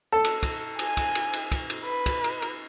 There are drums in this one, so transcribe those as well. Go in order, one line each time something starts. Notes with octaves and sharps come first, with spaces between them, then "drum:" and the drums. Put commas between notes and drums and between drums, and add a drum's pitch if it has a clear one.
A4
drum: cymbal
drum: kick, cymbal
G#5, drum: cymbal
drum: kick, cymbal
drum: cymbal
drum: cymbal
drum: kick, cymbal
drum: cymbal
B4
drum: kick, cymbal
drum: cymbal
drum: cymbal